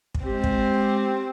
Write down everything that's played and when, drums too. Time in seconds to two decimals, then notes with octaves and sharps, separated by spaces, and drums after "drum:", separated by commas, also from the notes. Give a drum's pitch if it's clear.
0.15 drum: kick
0.25 G#3 C4 G4
0.44 drum: kick